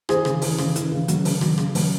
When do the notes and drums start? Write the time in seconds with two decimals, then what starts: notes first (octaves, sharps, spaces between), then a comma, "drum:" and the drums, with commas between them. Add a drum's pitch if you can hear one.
0.09 E3 G#4 C5, drum: rim click
0.25 C#3, drum: rim click
0.42 E3, drum: open hi-hat
0.58 C#3, drum: rim click
0.76 E3, drum: hi-hat
0.92 C#3
1.08 F#3, drum: hi-hat
1.25 C#3, drum: open hi-hat
1.41 F#3, drum: rim click
1.58 C#3, drum: rim click
1.75 F#3, drum: open hi-hat